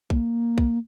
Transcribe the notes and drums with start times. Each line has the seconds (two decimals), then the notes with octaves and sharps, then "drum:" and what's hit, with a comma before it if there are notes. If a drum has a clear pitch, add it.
0.10 A#3, drum: kick
0.58 drum: kick